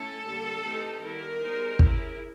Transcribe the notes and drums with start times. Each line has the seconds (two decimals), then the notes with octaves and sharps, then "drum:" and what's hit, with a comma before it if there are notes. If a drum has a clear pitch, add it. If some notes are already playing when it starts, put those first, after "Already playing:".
Already playing: A3 C#4 E4 A4
0.25 D3 G3 A#3
0.64 E3 A3 C4 D#4 G4
1.02 D#3 G3 B3 E4 A#4
1.41 G3 B3 D#4 G#4 C5
1.79 C#4 E4 G#4, drum: kick